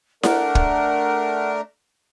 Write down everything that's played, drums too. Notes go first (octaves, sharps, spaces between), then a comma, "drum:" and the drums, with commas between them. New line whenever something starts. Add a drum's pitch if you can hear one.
A3 D4 A#4 F#5, drum: snare E4
drum: kick